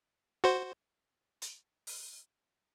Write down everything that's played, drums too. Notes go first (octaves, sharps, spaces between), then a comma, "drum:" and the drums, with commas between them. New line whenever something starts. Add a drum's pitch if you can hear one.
F#4 C5
drum: hi-hat
drum: open hi-hat